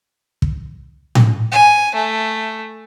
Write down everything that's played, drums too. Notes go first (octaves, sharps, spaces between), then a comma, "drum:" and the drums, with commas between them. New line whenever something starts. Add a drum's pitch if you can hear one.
drum: kick
drum: tom A2
G#5
A3